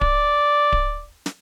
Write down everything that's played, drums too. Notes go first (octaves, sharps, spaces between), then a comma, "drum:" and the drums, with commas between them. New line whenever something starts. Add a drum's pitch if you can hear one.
D5, drum: kick D1
drum: kick D1
drum: snare